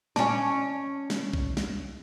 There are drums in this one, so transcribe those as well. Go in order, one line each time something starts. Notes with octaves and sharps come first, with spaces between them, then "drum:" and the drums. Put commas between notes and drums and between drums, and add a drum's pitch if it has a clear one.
C#4 D5 G#5 A5, drum: snare
drum: snare
drum: kick A#1
drum: snare